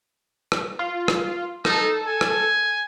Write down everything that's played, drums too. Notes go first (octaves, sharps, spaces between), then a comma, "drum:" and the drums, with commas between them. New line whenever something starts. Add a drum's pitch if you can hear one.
drum: rim click
F4
drum: rim click
D#4 A4, drum: rim click
G#5
drum: rim click